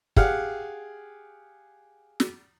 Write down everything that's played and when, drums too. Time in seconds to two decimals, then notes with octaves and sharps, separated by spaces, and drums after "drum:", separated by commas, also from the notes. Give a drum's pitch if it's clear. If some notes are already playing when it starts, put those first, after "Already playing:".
0.16 G4 G#4 F5 F#5, drum: kick
2.20 drum: snare